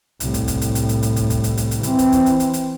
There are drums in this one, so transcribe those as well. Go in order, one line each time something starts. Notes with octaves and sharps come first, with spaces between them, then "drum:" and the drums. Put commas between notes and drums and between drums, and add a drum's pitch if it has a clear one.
C2 A2, drum: hi-hat
drum: kick, hi-hat
drum: kick, hi-hat
drum: hi-hat
drum: hi-hat
drum: hi-hat
drum: hi-hat
drum: kick, hi-hat
drum: kick, hi-hat
drum: hi-hat
drum: hi-hat
drum: hi-hat
E3 C4, drum: hi-hat
drum: kick, hi-hat
drum: kick, hi-hat
drum: hi-hat
drum: hi-hat
drum: hi-hat